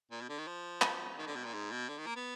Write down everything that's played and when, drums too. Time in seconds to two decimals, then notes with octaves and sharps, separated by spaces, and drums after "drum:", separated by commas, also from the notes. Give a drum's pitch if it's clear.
0.11 A#2
0.21 B2
0.29 D3
0.38 D#3
0.47 F3
0.82 drum: clap
1.18 D#3
1.27 D3
1.36 B2
1.45 A#2
1.54 G#2
1.72 B2
1.89 D3
1.98 D#3
2.07 A#3
2.16 B3